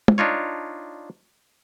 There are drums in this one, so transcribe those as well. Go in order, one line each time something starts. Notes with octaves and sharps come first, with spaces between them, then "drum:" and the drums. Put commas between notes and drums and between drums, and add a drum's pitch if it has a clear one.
drum: tom
D4 D#4 F4 C#5